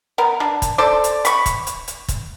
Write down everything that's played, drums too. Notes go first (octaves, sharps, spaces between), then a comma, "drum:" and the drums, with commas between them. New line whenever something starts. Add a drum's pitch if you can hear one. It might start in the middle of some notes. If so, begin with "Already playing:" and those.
B3 A#4
D4, drum: rim click
drum: kick, hi-hat
A4 C5 D5
drum: hi-hat
B5 C#6, drum: hi-hat
drum: kick, hi-hat
drum: hi-hat
drum: hi-hat
drum: kick, hi-hat